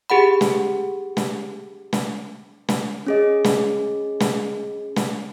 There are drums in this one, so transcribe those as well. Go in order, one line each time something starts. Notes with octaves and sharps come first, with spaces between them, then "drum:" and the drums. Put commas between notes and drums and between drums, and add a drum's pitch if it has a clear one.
G4 G#4 F#5 B5
drum: snare
drum: snare
drum: snare
drum: snare
C#4 G#4 D#5
drum: snare
drum: snare
drum: snare